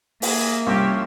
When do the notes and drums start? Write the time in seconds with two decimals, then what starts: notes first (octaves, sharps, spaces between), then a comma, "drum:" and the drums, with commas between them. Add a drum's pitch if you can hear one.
0.22 A#3 G#4 E5, drum: open hi-hat
0.66 C2 F3 C#4 G4